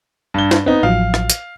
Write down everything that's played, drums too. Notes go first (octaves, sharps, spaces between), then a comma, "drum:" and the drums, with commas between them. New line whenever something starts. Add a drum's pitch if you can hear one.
G2 G7
drum: snare
B3 C4 D#4
A1 F3 F#3 F5
drum: rim click
drum: hi-hat